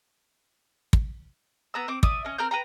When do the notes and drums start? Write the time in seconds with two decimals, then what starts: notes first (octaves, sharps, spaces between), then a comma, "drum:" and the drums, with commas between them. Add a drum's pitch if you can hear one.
0.93 drum: kick
1.74 B3 A#5 E6
1.88 C4 D6
2.03 D5 E5 D#6, drum: kick
2.25 C#4 D#5
2.38 C4 A#4 F6 G6
2.51 B4 G5 A#5